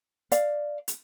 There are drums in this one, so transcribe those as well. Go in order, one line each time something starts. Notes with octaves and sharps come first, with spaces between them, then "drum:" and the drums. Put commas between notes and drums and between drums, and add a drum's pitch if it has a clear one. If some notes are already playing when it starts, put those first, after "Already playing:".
D5 F5, drum: hi-hat
drum: hi-hat